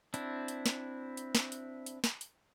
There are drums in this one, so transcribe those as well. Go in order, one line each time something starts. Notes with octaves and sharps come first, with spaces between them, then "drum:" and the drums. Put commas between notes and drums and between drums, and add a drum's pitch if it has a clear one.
C4 D4 E4, drum: hi-hat
drum: hi-hat
drum: snare
drum: hi-hat
drum: snare
drum: hi-hat
drum: hi-hat
drum: snare
drum: hi-hat